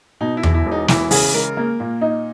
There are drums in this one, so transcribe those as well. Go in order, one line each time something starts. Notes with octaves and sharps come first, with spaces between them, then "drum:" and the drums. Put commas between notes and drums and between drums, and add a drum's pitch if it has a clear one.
B2 D#4
E4
E2, drum: tom E2
E4
E1
D#4
E3 E4, drum: snare
C#3 G#4, drum: open hi-hat
G#3 A#4
A#3
A#2
D#4